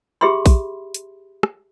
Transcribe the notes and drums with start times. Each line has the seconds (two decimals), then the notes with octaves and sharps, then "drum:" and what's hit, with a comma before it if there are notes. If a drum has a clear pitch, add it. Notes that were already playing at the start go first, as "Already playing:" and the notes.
0.21 G4 G#4 E5 B5 C6
0.46 drum: kick A#1, open hi-hat
0.94 drum: hi-hat
1.43 drum: rim click